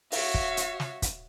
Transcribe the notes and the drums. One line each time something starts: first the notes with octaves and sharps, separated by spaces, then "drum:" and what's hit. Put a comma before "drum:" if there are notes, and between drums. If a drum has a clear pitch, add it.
F#4 C#5 E5 F5, drum: open hi-hat
drum: kick
drum: hi-hat
drum: snare
drum: kick, hi-hat